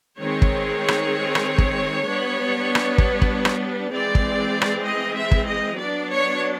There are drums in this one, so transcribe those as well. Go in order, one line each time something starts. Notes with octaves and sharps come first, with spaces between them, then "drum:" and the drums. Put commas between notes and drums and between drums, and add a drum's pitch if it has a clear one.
D#3 G#3 C4 C#5
drum: kick
drum: rim click
drum: rim click
drum: kick
G3 B3 D4
drum: rim click
drum: kick
drum: kick
drum: rim click
E3 G#3 C4 D5
drum: kick
drum: rim click
D#5
E5
drum: kick
D#5
F#3 B3 D4 D5
C#5